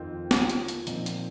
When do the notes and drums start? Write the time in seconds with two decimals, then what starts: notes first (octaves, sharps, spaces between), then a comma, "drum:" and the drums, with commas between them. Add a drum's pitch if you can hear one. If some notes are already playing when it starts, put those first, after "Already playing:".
Already playing: F2 D#3 C4 F4
0.31 D#3 A#3 F4, drum: snare
0.50 drum: hi-hat
0.68 drum: hi-hat
0.87 A#2 F3 C4 D#4, drum: hi-hat
1.06 drum: hi-hat